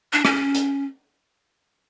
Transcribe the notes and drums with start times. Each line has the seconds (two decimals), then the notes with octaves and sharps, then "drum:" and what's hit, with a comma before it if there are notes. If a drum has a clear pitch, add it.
0.13 D4
0.25 C#4, drum: rim click
0.55 drum: hi-hat